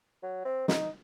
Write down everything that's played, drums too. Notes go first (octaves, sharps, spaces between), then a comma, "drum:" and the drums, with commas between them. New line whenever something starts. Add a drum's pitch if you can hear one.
F#3
C4
D#4, drum: snare